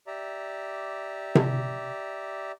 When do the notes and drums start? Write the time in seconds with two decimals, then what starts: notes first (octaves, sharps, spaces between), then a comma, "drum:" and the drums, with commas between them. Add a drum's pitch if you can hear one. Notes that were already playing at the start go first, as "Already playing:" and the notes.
0.07 G4 D5 E5 A#5
1.35 drum: tom C3